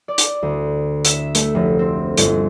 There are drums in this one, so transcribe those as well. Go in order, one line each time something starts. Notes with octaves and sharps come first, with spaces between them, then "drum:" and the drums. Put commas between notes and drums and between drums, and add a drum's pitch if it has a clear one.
D5
drum: hi-hat
D2
E5, drum: hi-hat
A3, drum: hi-hat
F1
C4
G1, drum: hi-hat